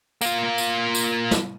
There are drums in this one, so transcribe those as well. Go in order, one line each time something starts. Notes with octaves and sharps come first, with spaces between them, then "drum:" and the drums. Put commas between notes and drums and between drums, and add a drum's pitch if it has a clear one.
A#3 F4, drum: tambourine
drum: tambourine
drum: tambourine
drum: snare